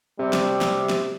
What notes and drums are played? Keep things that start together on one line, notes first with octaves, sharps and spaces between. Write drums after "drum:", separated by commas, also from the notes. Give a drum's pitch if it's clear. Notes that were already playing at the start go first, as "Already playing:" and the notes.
C3 G3
drum: snare
drum: snare
drum: snare